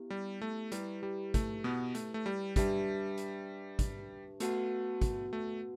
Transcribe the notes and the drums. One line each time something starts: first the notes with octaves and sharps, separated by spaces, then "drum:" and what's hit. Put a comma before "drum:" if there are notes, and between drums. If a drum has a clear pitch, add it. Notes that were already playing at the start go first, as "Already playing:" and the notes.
Already playing: B3 E4 G4
G3
A3
G3 E4 G4 B4, drum: hi-hat
G3
A3, drum: kick, hi-hat
B2 B3
A3, drum: hi-hat
A3
G3
G3 D4 G4 B4 E5 A5, drum: kick, hi-hat
drum: hi-hat
drum: kick, hi-hat
A3 B3 F#4 B4 F#5 A5, drum: hi-hat
drum: kick, hi-hat
A3